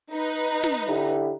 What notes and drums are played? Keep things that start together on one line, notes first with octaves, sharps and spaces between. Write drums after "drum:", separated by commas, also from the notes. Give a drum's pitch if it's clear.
D#4 B4
drum: snare
D3 E4 G4